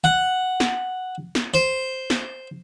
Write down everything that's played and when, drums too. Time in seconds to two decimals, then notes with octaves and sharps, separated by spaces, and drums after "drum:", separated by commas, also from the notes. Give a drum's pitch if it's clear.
0.04 F#5
0.60 drum: snare
1.35 drum: snare
1.54 C5
2.10 drum: snare